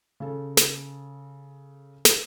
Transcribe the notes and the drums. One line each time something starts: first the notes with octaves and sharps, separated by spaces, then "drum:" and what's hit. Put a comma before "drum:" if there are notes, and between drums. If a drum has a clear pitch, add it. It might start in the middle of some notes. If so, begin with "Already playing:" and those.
C#3 A4
drum: snare
drum: snare